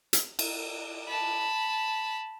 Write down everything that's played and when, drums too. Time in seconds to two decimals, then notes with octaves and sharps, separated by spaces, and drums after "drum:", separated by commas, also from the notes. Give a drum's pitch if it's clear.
0.13 drum: hi-hat
0.39 drum: cymbal
1.08 A5 B5